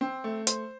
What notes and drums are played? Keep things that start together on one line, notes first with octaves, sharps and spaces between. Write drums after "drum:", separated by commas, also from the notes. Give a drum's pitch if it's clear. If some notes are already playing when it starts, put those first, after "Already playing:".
C4
A3
C5, drum: hi-hat